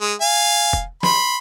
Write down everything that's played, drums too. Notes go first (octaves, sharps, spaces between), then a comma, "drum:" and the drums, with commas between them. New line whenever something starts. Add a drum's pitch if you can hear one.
G#3
F5 G#5
drum: kick E1
B5 C6, drum: snare